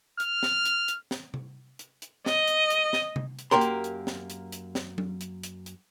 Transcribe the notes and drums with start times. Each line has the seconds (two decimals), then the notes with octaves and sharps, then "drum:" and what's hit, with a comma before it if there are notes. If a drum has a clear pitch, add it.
0.20 F6, drum: hi-hat
0.43 drum: snare
0.65 drum: hi-hat
0.88 drum: hi-hat
1.11 drum: snare
1.34 drum: tom C3
1.79 drum: hi-hat
2.02 drum: hi-hat
2.26 D#5, drum: snare
2.48 drum: hi-hat
2.70 drum: hi-hat
2.93 drum: snare
3.16 drum: tom C3
3.39 drum: hi-hat
3.51 F#2 A#3 G4 A#4 C6
3.61 drum: hi-hat
3.84 drum: hi-hat
4.07 drum: snare
4.30 drum: hi-hat
4.52 drum: hi-hat
4.75 drum: snare
4.98 drum: tom F#3
5.21 drum: hi-hat
5.43 drum: hi-hat
5.66 drum: hi-hat